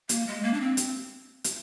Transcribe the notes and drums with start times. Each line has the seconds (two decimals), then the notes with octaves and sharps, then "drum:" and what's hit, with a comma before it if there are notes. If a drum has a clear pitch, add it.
0.09 A#3, drum: hi-hat
0.27 G#3
0.43 A#3
0.54 D4
0.61 C4
0.77 drum: hi-hat
1.44 drum: hi-hat